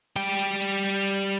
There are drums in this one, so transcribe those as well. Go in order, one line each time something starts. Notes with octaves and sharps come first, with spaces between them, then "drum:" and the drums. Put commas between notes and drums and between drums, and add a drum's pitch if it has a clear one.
G3 G5, drum: hi-hat
drum: hi-hat
drum: hi-hat
drum: open hi-hat
drum: hi-hat